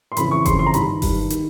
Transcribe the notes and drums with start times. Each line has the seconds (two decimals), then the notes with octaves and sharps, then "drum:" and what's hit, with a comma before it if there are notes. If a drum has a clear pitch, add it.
0.12 C6
0.17 F2 C#3 E3 B5, drum: hi-hat
0.31 C#6
0.45 F2 C#3 E3 C6, drum: kick F#1, hi-hat
0.59 C6
0.66 A#5
0.74 G2 D#3 B5, drum: hi-hat
1.02 G2 D#3, drum: kick F#1, open hi-hat
1.30 D#3, drum: hi-hat